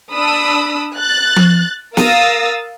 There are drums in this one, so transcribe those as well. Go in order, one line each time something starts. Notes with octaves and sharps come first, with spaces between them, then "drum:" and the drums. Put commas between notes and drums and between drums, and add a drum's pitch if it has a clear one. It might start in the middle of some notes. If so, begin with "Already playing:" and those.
D4 B5 D#6 E6
F#6 A6
drum: tom F3
A#4 F5 D#6 E6 A6 A#6, drum: snare